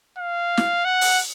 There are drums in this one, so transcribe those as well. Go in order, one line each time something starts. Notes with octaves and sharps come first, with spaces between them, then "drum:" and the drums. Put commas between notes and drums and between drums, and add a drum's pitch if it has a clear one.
F5
drum: snare
F#5
drum: open hi-hat